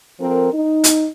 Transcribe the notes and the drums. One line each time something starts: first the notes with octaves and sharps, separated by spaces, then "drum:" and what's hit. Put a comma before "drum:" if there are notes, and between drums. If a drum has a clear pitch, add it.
F3 C4 A4 A#4
D#4
drum: hi-hat